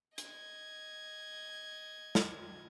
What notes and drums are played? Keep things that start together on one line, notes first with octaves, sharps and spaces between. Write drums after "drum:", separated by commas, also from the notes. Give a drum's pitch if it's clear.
D#5 G#6, drum: hi-hat
drum: snare